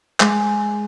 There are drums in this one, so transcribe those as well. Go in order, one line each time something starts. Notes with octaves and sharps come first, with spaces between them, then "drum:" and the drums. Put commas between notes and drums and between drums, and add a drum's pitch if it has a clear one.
G#3, drum: clap